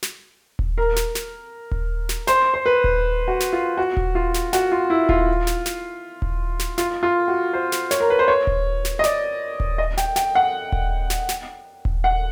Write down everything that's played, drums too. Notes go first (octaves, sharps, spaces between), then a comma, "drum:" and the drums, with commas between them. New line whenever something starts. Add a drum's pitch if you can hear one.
drum: snare
drum: kick D#1
A#4
drum: snare
drum: snare
drum: kick D#1
drum: snare
C5, drum: snare
C5
B4
drum: kick D#1
F#4
drum: snare
F4
F#4
drum: kick D#1
F4
drum: snare
F#4, drum: snare
F4
E4
F4, drum: kick D#1
drum: snare
drum: snare
drum: kick D#1
drum: snare
F4, drum: snare
F4
F#4
C5
drum: snare
C#5, drum: snare
A#4
B4
C5
C#5
drum: kick D#1
drum: snare
D#5
D5, drum: snare
drum: kick D#1
D#5
G5, drum: snare
G5, drum: snare
F#5
drum: kick D#1
drum: snare
drum: snare
drum: kick D#1
F#5